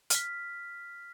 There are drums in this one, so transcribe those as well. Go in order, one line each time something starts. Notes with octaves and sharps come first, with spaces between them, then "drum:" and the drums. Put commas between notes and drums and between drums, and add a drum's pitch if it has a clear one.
F6 B6, drum: hi-hat